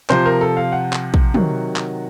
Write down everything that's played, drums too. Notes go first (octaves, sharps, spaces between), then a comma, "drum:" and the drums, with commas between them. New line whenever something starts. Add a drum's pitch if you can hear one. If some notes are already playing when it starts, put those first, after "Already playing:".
C3 F3 C5, drum: clap
A#4
A4
F5
F#5
drum: clap
drum: kick
C3 D#3 F#3, drum: tom
drum: clap